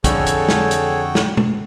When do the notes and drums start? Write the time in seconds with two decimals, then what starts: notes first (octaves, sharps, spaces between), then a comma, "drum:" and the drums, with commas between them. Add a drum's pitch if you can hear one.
0.04 F2 D3 F#4 G#4 A4 C#5 G5, drum: kick, hi-hat
0.26 drum: hi-hat
0.49 drum: snare
0.71 drum: hi-hat
1.15 drum: snare
1.37 drum: tom